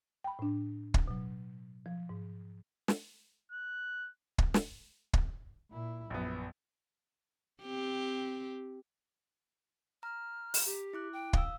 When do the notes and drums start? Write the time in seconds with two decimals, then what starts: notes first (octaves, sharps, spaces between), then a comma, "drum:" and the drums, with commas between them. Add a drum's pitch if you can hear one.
0.24 G5 B5
0.39 A2 D4
0.94 drum: kick
1.08 B2 F#3
1.86 F3
2.09 G#2
2.88 drum: snare
3.51 F#6
4.38 drum: kick
4.54 drum: snare
5.13 drum: kick
5.70 A#2 E4
6.10 A#1 F#2 B3
7.63 C4 G4
10.03 A#5 F6
10.54 drum: open hi-hat
10.65 G4
10.93 E4 D6 F#6
11.13 G5
11.33 F5 D#6 E6, drum: kick